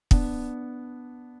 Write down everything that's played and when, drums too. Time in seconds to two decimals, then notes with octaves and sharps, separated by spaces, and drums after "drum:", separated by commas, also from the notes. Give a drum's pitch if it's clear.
0.11 B3 D4, drum: kick